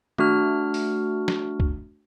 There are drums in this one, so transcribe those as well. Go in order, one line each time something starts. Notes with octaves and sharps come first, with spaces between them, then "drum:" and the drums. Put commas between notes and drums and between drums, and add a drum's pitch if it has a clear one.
A3 D4 F#4 F6, drum: tom D#3
drum: open hi-hat
drum: snare
drum: kick